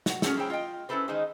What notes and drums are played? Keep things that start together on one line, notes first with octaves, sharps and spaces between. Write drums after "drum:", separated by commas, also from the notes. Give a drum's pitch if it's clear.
F#4 F#5, drum: snare
C#4 F#4 G#4 A4, drum: snare
A#3 E4 G#4 C5 C#5 G5
F4 D#5 G5
C#4 E4 F4 A4 B4 C5
D#3 G#3 D#4 G#4 C5